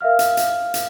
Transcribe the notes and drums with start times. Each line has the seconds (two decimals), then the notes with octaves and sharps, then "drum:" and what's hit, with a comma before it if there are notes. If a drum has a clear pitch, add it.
0.01 A#4 E5 F5 F6
0.19 drum: hi-hat
0.37 drum: hi-hat
0.74 drum: hi-hat